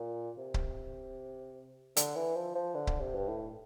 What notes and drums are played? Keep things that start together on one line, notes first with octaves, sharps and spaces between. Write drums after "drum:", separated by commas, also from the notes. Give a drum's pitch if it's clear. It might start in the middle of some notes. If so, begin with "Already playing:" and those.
Already playing: A#2
C3
drum: kick C#1
D3, drum: hi-hat
E3
F3
F3
D3
drum: kick C#1
C3
G2
A2